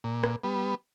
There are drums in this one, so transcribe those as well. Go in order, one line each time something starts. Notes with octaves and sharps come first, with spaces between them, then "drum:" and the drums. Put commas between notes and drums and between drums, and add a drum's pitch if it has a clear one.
A#2
drum: rim click
G3 B3